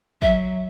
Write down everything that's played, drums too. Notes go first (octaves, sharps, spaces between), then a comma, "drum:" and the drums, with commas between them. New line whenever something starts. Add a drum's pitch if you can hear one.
F#3 E5, drum: kick